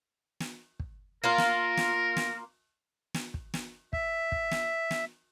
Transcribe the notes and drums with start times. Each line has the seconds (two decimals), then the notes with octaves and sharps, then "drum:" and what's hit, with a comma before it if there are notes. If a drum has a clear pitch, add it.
0.40 drum: snare
0.80 drum: kick
1.24 A#3 F4 A#4
1.38 drum: snare
1.77 drum: snare
2.17 drum: snare
3.14 drum: snare
3.34 drum: kick
3.54 drum: snare
3.93 E5, drum: kick
4.32 drum: kick
4.51 drum: snare
4.91 drum: snare